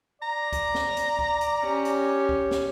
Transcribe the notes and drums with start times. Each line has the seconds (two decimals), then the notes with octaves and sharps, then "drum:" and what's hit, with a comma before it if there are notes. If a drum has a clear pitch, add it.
0.22 D5 A#5
0.52 drum: kick, hi-hat
0.75 drum: snare
0.97 drum: hi-hat
1.19 drum: kick
1.41 drum: hi-hat
1.63 C#4 G4
1.85 drum: hi-hat
2.29 drum: kick
2.51 drum: snare